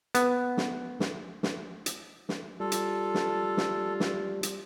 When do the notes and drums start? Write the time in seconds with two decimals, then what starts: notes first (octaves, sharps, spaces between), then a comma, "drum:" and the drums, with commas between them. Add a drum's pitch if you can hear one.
0.15 B3, drum: hi-hat
0.57 drum: snare
1.00 drum: snare
1.43 drum: snare
1.86 drum: hi-hat
2.29 drum: snare
2.60 G3 F4 A4
2.72 drum: hi-hat
3.14 drum: snare
3.57 drum: snare
4.00 drum: snare
4.43 drum: hi-hat